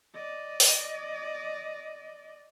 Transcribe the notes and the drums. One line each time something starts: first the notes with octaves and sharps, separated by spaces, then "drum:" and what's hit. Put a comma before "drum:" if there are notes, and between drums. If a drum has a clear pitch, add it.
D5 D#5
drum: open hi-hat